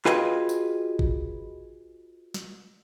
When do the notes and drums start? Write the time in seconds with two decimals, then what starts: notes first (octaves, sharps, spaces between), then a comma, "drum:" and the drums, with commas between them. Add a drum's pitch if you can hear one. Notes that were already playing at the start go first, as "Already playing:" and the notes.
0.05 F4 F#4 G#4 B4 D#5 G5, drum: clap
0.49 drum: tambourine
0.99 drum: kick G#1
2.34 drum: snare